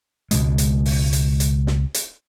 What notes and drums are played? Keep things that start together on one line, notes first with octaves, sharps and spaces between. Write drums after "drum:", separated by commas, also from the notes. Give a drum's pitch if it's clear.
C#2 B2 G#3, drum: hi-hat
drum: hi-hat
drum: open hi-hat
drum: hi-hat
drum: hi-hat
drum: snare
drum: hi-hat